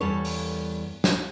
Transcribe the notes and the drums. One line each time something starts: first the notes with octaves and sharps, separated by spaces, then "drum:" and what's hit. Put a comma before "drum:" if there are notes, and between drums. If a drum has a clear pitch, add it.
E2 G3 A4 C#5
drum: open hi-hat
drum: snare